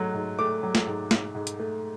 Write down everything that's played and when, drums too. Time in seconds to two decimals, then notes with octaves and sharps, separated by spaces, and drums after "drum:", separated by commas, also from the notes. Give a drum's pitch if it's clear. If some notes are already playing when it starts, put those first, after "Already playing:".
Already playing: G#2 F#3 A3
0.14 G#2
0.39 A3 D6
0.63 F#3
0.75 drum: snare
0.87 G#2
1.11 G#2, drum: snare
1.35 G#2
1.47 drum: hi-hat
1.59 A3